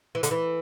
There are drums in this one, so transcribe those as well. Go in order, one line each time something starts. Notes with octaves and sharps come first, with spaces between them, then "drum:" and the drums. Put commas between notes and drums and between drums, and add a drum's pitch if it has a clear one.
E3
D3, drum: hi-hat
E3